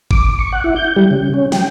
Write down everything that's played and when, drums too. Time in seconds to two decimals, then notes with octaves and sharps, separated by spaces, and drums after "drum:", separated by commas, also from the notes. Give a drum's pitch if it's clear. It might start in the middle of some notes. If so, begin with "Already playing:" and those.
0.11 D6, drum: kick G1
0.39 C#6
0.52 F#5
0.64 E4
0.76 G6
0.96 G3
1.11 C#3
1.34 C#4
1.52 G5, drum: snare